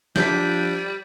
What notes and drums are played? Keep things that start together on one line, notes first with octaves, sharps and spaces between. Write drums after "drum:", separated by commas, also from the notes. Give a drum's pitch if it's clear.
F3 G3 D4 G6 B6, drum: snare